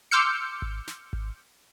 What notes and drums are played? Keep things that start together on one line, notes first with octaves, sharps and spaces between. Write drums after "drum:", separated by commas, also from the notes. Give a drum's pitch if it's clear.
C6 D6 E6 F6 G6 C#7
drum: kick G#1
drum: snare
drum: kick G#1